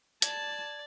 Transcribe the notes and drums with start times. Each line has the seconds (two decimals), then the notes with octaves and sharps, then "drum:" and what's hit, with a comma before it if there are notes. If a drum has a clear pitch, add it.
0.22 D5 A5 G#6, drum: hi-hat